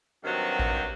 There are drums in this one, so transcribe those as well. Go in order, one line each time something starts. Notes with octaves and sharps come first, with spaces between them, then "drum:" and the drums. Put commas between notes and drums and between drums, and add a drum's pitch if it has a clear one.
G2 C3 D#3 F#3 C4 F#4
drum: kick A1